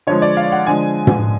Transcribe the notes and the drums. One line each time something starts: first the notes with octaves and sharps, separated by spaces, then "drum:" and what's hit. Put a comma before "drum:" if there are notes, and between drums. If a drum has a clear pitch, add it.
D3 F3 G#3 C#5
D5
F5
F#5
D3 F3 G#3 G#5
drum: tom